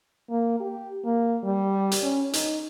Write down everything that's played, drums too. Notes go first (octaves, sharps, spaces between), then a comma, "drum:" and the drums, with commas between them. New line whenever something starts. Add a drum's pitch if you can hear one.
A#3
G4
A#3
G3
drum: hi-hat
C#4
D#4, drum: hi-hat